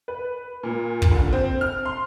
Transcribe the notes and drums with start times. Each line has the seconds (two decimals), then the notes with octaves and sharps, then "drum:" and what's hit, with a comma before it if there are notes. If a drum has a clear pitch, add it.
0.08 B4
0.63 A#2
1.02 drum: kick
1.11 D3
1.33 C4
1.61 F6
1.85 C6